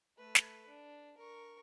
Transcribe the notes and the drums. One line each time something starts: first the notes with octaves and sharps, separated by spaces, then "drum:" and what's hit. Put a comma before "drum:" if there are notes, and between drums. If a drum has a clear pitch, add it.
A3 B4
drum: snare
D4
A#4 C#6